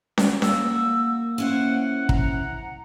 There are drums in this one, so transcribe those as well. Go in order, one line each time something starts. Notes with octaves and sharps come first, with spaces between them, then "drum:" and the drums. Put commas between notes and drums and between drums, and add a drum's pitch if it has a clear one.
F#4, drum: snare C#4
A#3 F#4 E6, drum: snare C#4
C#4 E4 C5 F#5
A#5, drum: kick